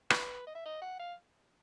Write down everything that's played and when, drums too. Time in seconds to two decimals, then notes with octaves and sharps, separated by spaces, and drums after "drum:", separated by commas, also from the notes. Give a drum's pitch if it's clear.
0.10 B4, drum: rim click
0.47 D#5
0.55 E5
0.66 D#5
0.82 F#5
0.99 F5